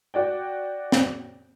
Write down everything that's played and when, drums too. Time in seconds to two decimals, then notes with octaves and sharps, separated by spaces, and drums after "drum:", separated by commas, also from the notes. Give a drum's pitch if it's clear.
0.14 F#4 D5 G5
0.92 drum: snare